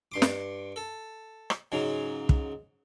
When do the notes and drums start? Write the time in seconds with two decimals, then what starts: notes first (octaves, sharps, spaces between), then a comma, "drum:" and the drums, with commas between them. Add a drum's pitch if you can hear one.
0.12 G2 C6 D6
0.22 drum: snare
0.76 A4
1.50 drum: rim click
1.72 G#2 C#3 F#3
2.29 drum: kick